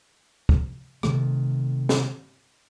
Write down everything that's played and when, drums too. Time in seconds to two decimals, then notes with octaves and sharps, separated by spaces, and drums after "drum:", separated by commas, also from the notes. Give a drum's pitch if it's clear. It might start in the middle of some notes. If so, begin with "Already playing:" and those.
0.49 drum: kick
1.03 C3 D#3 A3, drum: rim click
1.89 drum: snare